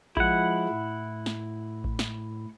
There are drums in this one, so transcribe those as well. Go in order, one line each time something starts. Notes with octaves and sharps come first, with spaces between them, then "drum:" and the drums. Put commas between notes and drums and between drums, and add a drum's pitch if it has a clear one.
F3 G#3 E4 F#5, drum: kick A1
A2
drum: snare
drum: kick A1
drum: snare